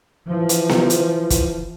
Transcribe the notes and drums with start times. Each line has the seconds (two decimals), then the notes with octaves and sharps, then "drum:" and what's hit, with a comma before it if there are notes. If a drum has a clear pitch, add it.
0.29 E3 F3
0.49 drum: hi-hat
0.69 drum: snare B3
0.90 drum: hi-hat
1.30 drum: kick, hi-hat